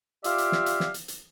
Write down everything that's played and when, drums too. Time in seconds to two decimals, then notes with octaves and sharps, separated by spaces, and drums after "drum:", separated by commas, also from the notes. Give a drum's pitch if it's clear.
0.24 F4 G4 D5 E5 F5, drum: hi-hat
0.38 drum: hi-hat
0.52 drum: snare
0.66 drum: hi-hat
0.80 drum: snare
0.94 drum: hi-hat
1.08 drum: hi-hat